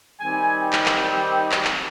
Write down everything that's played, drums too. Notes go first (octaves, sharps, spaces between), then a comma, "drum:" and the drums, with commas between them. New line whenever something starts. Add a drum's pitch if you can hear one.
D#3 G3 C4 D#4 G#5
G5
drum: clap
drum: clap
drum: clap
drum: clap